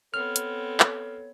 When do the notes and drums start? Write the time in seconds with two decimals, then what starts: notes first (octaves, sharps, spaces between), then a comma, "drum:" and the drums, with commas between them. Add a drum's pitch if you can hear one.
0.14 B3 C4 A4 C#5 F6
0.36 drum: hi-hat
0.80 drum: clap